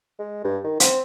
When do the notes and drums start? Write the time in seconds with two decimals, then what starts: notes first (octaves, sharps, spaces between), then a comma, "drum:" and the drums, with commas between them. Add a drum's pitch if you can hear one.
0.19 G#3
0.44 G2
0.64 D#3
0.80 C4, drum: hi-hat